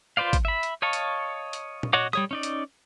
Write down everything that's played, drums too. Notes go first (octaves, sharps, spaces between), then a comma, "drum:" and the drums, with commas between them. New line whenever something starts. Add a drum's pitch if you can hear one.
F4 B4 C5 D5 F5
drum: kick G#1, hi-hat
E5 B5
drum: hi-hat
C#5 D#5 F5 A5 C#6
drum: hi-hat
drum: hi-hat
drum: tom A#2
F#4 C#5 D#5 F#5 D6
G3 C#5 D#6, drum: rim click
C#4 D#4 D5
drum: hi-hat